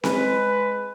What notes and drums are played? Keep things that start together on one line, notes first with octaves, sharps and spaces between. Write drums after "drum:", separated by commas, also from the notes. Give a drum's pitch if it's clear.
G#3 B4, drum: snare C4